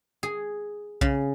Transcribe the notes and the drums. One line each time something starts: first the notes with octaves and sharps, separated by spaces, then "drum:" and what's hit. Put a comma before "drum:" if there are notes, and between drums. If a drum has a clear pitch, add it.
G#4
C#3, drum: kick B1